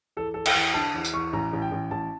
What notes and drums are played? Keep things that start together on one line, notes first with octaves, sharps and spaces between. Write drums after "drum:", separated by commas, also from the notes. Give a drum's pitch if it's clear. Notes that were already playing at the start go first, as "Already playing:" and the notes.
E2 A4
E2 A4
G5, drum: cymbal
E2
D3 A5
E2
drum: tambourine
E2 C#6
A1 A#5
A1
G5
A1
A1 A5